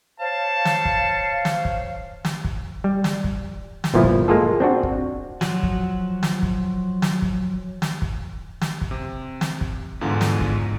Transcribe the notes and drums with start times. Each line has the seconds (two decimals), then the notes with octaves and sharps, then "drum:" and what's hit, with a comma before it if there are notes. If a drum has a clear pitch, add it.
0.20 C5 C#5 F5 A5
0.65 drum: snare
0.85 drum: kick
1.45 drum: snare
1.65 drum: kick
2.25 drum: snare
2.44 drum: kick
2.84 G3
3.04 drum: snare
3.24 drum: kick
3.84 drum: snare
3.94 G1 A#2 F3 E4
4.04 drum: kick
4.28 G#3 A#3 F4 G#4 A4
4.60 C4 D4 F#4
4.83 drum: kick
5.41 F3 F#3 F#4, drum: snare
5.63 drum: kick
6.23 drum: snare
6.43 drum: kick
7.02 drum: snare
7.22 drum: kick
7.82 drum: snare
8.02 drum: kick
8.61 drum: snare
8.81 drum: kick
8.91 C3
9.41 drum: snare
9.61 drum: kick
10.01 E2 G#2 D3 F4
10.21 drum: snare
10.41 drum: kick